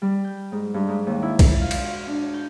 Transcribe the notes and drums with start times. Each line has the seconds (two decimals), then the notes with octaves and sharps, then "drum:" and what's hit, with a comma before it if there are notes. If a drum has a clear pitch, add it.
0.02 G3
0.24 G6
0.52 G#2
0.74 G2
0.88 G#2
1.07 D#2
1.23 E4
1.39 drum: kick B1, cymbal
1.61 F4
1.71 drum: cymbal
1.84 F#4
2.07 D4
2.34 G6